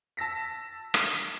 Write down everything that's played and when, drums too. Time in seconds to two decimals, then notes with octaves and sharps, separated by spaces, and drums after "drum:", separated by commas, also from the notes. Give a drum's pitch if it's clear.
0.17 A5 E6 A#6 B6
0.94 drum: rim click